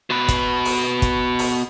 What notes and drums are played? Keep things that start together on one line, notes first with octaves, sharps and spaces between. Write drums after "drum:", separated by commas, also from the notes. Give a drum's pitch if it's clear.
B2 B4
drum: kick, hi-hat
drum: open hi-hat
drum: kick, hi-hat
drum: open hi-hat